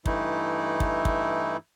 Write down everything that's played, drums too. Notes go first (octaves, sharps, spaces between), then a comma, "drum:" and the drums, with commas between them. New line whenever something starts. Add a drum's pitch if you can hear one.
G2 E3 A3 D#4 E4, drum: kick
drum: kick
drum: kick